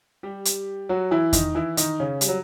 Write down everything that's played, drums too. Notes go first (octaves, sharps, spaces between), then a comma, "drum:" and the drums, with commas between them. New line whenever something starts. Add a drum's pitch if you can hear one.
G3 G4
drum: hi-hat
F#3 F#4
E3 E4
D#3 D#4, drum: kick E2, hi-hat
E3 E4
D#3 D#4, drum: hi-hat
C#3 C#4
G3, drum: hi-hat
F#3